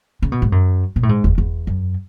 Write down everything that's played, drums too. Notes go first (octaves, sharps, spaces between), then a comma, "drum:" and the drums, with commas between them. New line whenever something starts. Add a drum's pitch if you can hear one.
C#3
B2
G#2
F#2
B2
A2
G#2
E2, drum: kick F1
E2
F#2